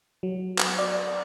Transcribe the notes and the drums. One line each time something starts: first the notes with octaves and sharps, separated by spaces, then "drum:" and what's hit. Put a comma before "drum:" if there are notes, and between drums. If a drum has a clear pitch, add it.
F#3
drum: clap
D5